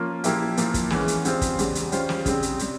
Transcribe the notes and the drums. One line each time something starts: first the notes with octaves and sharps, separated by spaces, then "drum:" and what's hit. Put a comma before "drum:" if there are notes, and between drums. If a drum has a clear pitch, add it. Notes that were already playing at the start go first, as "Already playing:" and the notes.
Already playing: F3 A#3 C#4 F4
A#2 F3 A#3 E4 G4, drum: hi-hat
A#2 F3 A#3 E4, drum: hi-hat
drum: kick, hi-hat
E2 E3 G#3 C#4, drum: snare
drum: hi-hat
G3 C4 F4 G#4 C5, drum: hi-hat
drum: kick, hi-hat
E2 C#3 G3, drum: hi-hat
drum: hi-hat
G3 C#4 F4 C5, drum: hi-hat
drum: snare
C#3 G3 C4, drum: kick, hi-hat
drum: hi-hat
C3 G3, drum: hi-hat